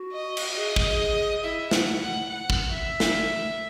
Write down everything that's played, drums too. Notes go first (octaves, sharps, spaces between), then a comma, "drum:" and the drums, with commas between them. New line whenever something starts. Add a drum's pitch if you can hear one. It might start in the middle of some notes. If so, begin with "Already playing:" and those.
Already playing: F#4
D#5
drum: cymbal
G#4 D#5
drum: kick
E4 E5
F#5, drum: snare
F#5
F#5
drum: kick
E5
drum: snare